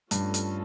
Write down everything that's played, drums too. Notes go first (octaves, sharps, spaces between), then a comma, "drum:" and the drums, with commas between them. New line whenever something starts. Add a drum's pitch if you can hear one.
G2 A3 C#4 F4 A4, drum: hi-hat
drum: hi-hat